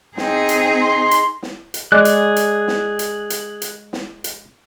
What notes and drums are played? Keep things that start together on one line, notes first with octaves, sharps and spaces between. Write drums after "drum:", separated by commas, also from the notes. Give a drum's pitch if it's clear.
C4 D#4 G#4, drum: snare
drum: hi-hat
C6
drum: hi-hat
drum: snare
drum: hi-hat
G#3 G#4 D5 F#6
drum: hi-hat
drum: hi-hat
drum: snare
drum: hi-hat
drum: hi-hat
drum: hi-hat
drum: snare
drum: hi-hat